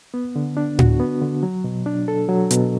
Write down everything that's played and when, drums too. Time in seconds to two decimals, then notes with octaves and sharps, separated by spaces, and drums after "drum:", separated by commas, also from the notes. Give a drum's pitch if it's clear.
0.14 B3
0.36 D3
0.57 D4
0.79 F#4, drum: tom A2
1.00 B3
1.21 D3
1.43 F#3
1.64 B2
1.86 D4
2.08 A4
2.29 F#3
2.51 B2, drum: hi-hat